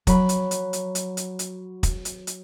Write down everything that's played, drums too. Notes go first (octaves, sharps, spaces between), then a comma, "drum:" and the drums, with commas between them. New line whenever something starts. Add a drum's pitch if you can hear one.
F#3 B5, drum: kick, hi-hat
drum: hi-hat
drum: hi-hat
drum: hi-hat
drum: hi-hat
drum: hi-hat
drum: hi-hat
drum: kick, hi-hat
drum: hi-hat
drum: hi-hat